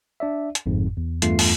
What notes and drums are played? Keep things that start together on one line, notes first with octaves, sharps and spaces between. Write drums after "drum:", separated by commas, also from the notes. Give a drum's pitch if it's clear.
D4 D5 E5
drum: hi-hat
G1 F2 G#2
E2
E2 G2 A3 F4 C7, drum: hi-hat
drum: open hi-hat